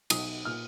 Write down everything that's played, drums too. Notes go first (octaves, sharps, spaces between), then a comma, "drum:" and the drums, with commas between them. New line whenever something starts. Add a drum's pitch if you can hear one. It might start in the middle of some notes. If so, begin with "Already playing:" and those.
B1 D#6, drum: cymbal
A#2 F6